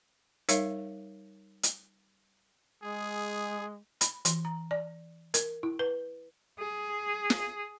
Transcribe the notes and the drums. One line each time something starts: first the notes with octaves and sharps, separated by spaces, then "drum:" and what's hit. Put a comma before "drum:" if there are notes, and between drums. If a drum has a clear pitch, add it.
G3 D#4 A#4 C#5 E5 F5, drum: hi-hat
drum: hi-hat
G#3 G#4
B5, drum: hi-hat
E3, drum: hi-hat
A#5
D5
A#4, drum: hi-hat
E4
B4
G#4
drum: snare